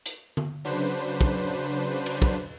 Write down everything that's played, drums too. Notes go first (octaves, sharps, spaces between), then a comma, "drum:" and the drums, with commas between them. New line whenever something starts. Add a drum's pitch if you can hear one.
drum: hi-hat
drum: tom D3
C#3 F#3 D4 B4 C5
drum: kick
drum: cymbal
drum: kick